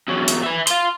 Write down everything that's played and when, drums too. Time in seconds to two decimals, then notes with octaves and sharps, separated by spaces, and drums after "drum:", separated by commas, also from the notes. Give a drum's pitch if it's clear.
0.08 E2 F#3
0.28 drum: hi-hat
0.43 B4 E5
0.67 F5 C6, drum: hi-hat